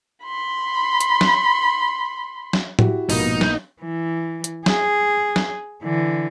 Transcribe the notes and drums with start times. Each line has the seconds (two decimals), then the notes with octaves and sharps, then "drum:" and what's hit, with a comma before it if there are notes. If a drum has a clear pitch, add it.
0.24 B5 C6
1.00 drum: hi-hat
1.21 drum: snare
2.53 drum: snare
2.79 E4 F#4 G4, drum: tom
3.10 A#1 G#2 B2 F3 A#3 B3 D#4, drum: open hi-hat
3.41 drum: snare
3.81 E3
4.44 drum: hi-hat
4.66 G#4, drum: snare
5.36 drum: snare
5.83 D3 E3